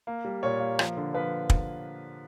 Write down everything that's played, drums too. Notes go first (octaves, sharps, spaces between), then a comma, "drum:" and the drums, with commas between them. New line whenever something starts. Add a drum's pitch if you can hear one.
A#3
G3
A#2 C#5
A#3
F3, drum: rim click
D3
F3 B4
drum: kick